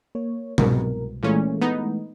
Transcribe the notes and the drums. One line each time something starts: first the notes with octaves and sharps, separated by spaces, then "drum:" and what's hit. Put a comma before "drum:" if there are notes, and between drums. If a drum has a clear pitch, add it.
A#3 C#5
C2 G#2 B2 F#3 A#4, drum: tom B2
A#2 E3 G#3 A3 C#4
B3 D#4